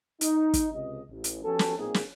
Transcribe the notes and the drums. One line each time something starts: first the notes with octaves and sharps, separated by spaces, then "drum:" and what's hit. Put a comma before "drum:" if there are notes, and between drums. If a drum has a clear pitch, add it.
D#4, drum: hi-hat
drum: kick, hi-hat
C#2 C3 D#5
A1
drum: hi-hat
F3 B3 C#4 F#4 G4 A4
drum: snare
B1 A#2 A#3 C4 D#4 G#4
drum: snare